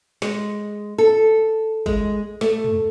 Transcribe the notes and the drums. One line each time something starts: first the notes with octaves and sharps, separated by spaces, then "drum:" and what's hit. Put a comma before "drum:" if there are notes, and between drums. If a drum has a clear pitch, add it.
G#3, drum: snare
A4
G#3, drum: kick
A3, drum: snare
drum: tom